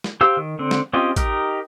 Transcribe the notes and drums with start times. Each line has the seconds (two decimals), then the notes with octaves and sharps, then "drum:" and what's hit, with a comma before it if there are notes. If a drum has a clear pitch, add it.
0.04 drum: snare
0.21 G4 C5 F5 E6
0.37 D#3
0.59 D3 C4
0.71 drum: snare
0.93 C4 C#4 F4 G4 D#5
1.16 D#4 G4 A#4 D#5, drum: kick, hi-hat